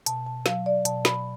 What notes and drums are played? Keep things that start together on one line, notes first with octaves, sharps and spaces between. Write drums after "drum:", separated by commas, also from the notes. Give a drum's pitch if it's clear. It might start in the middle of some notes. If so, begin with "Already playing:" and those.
B2 A5, drum: hi-hat
A5
F#3 F5, drum: snare
D5
B2 A5, drum: hi-hat
B5, drum: snare